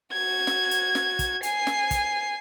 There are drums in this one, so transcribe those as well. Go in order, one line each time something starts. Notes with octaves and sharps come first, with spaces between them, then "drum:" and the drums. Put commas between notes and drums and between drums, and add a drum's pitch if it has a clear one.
F#4 G#6
drum: snare
drum: hi-hat
drum: snare
drum: kick, hi-hat
G#5 C7, drum: hi-hat
drum: snare
drum: kick, hi-hat